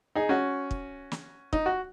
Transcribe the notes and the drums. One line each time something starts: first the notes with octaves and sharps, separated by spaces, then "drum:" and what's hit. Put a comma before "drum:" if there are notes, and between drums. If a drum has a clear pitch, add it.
D#4 G#4
C#4 F#4
drum: kick
drum: snare
D#4, drum: kick
F#4